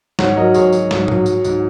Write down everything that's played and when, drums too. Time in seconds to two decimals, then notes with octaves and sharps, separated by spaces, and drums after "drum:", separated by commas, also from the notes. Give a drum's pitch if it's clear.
0.19 G#2 C#5 F#5, drum: snare
0.37 F#3 A#4 D#5
0.54 G#2 G#4 C#5, drum: tambourine
0.72 F#3, drum: tambourine
0.91 G#2, drum: snare
1.08 F#3, drum: tom
1.26 F#3, drum: tambourine
1.45 G#2, drum: tambourine